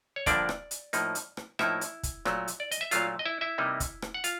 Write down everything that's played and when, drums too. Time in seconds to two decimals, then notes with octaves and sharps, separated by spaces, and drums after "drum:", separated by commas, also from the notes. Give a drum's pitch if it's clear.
0.16 C#5
0.26 G2 D3 F3 A#3 D4 D5, drum: kick, hi-hat
0.49 drum: rim click
0.71 drum: hi-hat
0.93 A2 F3 A#3 D#4, drum: hi-hat
1.15 drum: hi-hat
1.37 drum: rim click
1.59 A2 F3 A#3 D#4 E4 E5, drum: rim click
1.81 drum: hi-hat
2.03 drum: kick, hi-hat
2.25 A#2 F#3 A3, drum: rim click
2.48 drum: hi-hat
2.60 D5
2.71 D#5, drum: hi-hat
2.81 E5
2.91 A#2 F#3 A3 F4 F5, drum: hi-hat
3.19 D#5
3.26 E4 E5
3.41 E4 E5
3.58 C3 E3 G3 A#3 D#4
3.80 drum: kick, hi-hat
4.02 drum: rim click
4.14 F#5
4.24 F4 F5, drum: hi-hat